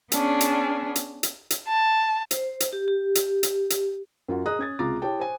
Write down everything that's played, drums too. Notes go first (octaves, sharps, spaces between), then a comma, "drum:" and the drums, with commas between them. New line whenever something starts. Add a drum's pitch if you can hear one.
B3 C#4 D4 G#4, drum: hi-hat
drum: hi-hat
drum: hi-hat
drum: hi-hat
drum: hi-hat
A5
C5, drum: hi-hat
drum: hi-hat
G4
G4
drum: hi-hat
drum: hi-hat
drum: hi-hat
F#2 F4 F#4
G#4 D#5 A#5 D#6 F#6
C#4 G#6 A6
C#2 C3 F4 A#5 D6 A6
E4 G4 C#5 G5 A5
C5 G#5